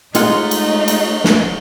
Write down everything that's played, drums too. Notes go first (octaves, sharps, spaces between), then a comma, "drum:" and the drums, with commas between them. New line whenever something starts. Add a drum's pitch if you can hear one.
G#3 A3 D#4 F4 F#5, drum: cymbal
drum: cymbal
drum: cymbal
drum: snare